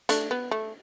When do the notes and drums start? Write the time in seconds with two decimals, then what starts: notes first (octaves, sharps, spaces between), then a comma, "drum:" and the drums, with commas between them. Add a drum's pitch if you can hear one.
0.09 A3 D4, drum: hi-hat
0.31 B3
0.51 A3